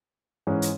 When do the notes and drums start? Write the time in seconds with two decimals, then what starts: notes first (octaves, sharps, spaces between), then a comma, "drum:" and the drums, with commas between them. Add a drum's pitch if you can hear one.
0.47 G#2 E3 G#3 C#4
0.62 drum: hi-hat